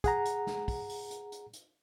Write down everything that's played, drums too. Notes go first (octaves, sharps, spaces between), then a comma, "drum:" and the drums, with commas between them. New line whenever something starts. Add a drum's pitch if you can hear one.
G#4 F#5 A#5, drum: kick, hi-hat
drum: hi-hat
drum: snare
drum: kick, open hi-hat
drum: open hi-hat
drum: hi-hat
drum: hi-hat
drum: hi-hat